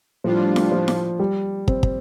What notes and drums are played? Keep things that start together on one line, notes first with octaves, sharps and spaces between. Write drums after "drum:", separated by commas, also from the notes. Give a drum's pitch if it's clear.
A2 F3 G3 D4 F4
drum: snare E4
F3
drum: snare E4
G3
C4, drum: kick
drum: kick